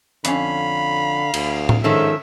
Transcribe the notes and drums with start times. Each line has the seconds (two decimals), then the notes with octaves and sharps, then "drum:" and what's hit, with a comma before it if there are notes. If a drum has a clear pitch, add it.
0.25 F2 D3 C#4 F5 B5, drum: hi-hat
1.34 D2, drum: cymbal
1.69 drum: tom A2
1.84 G#2 D#3 F3 C#4 A4 E5